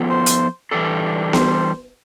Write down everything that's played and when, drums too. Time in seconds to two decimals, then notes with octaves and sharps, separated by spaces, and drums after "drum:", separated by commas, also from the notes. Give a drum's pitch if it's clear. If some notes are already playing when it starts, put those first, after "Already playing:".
Already playing: F3 B3 F4 A4
0.09 C5
0.26 drum: hi-hat
0.71 E3 G3 D4 A4
1.33 C5, drum: snare B3